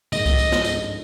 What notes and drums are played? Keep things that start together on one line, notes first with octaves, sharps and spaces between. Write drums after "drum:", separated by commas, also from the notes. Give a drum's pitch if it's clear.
G#1 G#2 D#5, drum: tambourine
drum: kick C2, tambourine
F2, drum: tambourine
drum: snare
G#2, drum: tambourine
G2